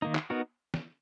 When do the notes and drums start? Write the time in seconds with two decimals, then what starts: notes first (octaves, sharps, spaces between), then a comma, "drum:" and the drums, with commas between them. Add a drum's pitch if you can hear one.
0.02 D#3 A#3 D#4
0.15 drum: clap
0.30 B3 D#4 F#4 A#4
0.74 drum: snare